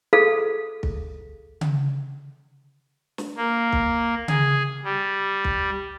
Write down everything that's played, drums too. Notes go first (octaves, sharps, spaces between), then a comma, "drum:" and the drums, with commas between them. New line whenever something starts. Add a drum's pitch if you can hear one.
G#4 A4 F5
drum: kick
drum: tom C#3
drum: snare
A#3
drum: kick
G#4, drum: tom C#3
G3
drum: kick